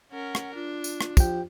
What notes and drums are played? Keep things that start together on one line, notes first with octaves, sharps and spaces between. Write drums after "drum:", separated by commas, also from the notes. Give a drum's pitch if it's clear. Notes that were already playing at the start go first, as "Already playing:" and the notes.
C#4 A#4 F#5
drum: rim click
D4 F4
drum: tambourine
drum: rim click
F3 G4 G5, drum: kick, tambourine